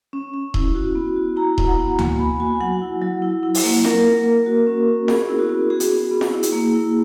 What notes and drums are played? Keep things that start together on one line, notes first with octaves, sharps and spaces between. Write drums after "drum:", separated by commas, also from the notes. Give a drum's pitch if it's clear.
C#4
C#4
E4, drum: kick D#1
F#4
B3
F#4
E4 A#5
E4, drum: kick D#1
F#5
B3
A#3 G#5, drum: tom D2
A#3 B5
F#4 G#5
F#3 F#5
E4
F#3
E4
E4
drum: open hi-hat
A#3
A#3 A#4, drum: snare
A#3
A#3
F#4
C#4
C#4
B3 G#4, drum: snare
E4
F#4
B3
F#4 G#4
drum: hi-hat
B3
B3
drum: snare
E4
drum: hi-hat
A#3
E4